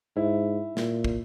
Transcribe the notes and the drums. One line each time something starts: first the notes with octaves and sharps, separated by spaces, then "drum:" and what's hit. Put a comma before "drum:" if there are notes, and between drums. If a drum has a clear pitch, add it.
G#2 E4
A#2, drum: snare
drum: kick